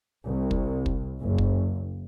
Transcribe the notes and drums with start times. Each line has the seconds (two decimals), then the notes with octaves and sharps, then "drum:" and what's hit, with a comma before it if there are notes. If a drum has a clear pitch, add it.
0.24 C2
0.51 drum: kick
0.86 drum: kick
1.21 F#1
1.38 drum: kick